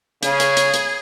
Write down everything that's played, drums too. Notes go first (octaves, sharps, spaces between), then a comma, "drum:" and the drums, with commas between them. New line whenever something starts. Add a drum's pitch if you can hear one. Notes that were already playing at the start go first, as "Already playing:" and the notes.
C#3 G#4, drum: hi-hat
drum: hi-hat
drum: hi-hat
drum: hi-hat